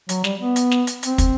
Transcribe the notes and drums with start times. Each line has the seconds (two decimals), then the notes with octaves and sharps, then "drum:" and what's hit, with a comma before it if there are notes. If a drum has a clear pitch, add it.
0.09 F#3, drum: hi-hat
0.24 G3, drum: snare
0.40 B3
0.56 drum: hi-hat
0.71 drum: snare
0.87 drum: hi-hat
1.03 C4, drum: hi-hat
1.18 drum: kick, hi-hat